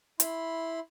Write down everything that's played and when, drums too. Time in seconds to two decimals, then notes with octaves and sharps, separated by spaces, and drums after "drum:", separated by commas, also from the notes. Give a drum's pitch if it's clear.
0.20 E4 B5 C6, drum: hi-hat